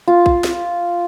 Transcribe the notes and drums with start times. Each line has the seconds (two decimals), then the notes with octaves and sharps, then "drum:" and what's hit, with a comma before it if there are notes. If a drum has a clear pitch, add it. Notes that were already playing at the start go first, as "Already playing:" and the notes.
0.08 F4
0.26 drum: kick A#1
0.44 drum: snare